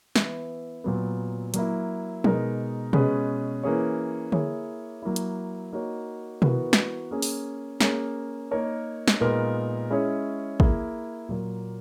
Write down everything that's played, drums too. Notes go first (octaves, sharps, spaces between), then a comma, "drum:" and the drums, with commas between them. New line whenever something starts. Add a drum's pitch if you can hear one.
E3 B3 E4, drum: snare
A#2 F#3 B3
F#3 A#3 E4, drum: hi-hat
B2 G#3 D#4 A#4, drum: tom
B2 G#3 C#4 G#4 B4, drum: tom B2
E3 A#3 C#4 G#4 C#5
A#3 E4 G#4 C#5, drum: tom D3
F#3 A#3 E4
drum: hi-hat
A#3 D#4 F#4 C#5
E3 B3 F#4 A#4, drum: tom B2
drum: snare
A#3 C#4 G#4
drum: open hi-hat
A#3 C#4 G#4 C#5, drum: snare
A#3 D#4 A#4 C#5
drum: snare
A#2 G#3 B3 D#4 A#4
G#3 C#4 E4 G#4 C#5
A#3 E4 G#4, drum: kick A1
A#2 F#3 A#3